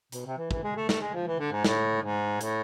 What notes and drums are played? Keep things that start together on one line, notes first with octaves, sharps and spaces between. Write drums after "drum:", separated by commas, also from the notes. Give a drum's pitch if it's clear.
B2, drum: hi-hat
C3
E3
E3, drum: kick
G#3
A3
A3, drum: snare
G#3
F3
E3
D3
G#2
A2, drum: snare
G#2
A2, drum: hi-hat